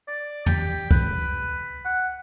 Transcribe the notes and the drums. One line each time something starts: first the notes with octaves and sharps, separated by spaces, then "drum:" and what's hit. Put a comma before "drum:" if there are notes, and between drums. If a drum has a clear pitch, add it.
D5
G4, drum: tom
B4, drum: kick
F#5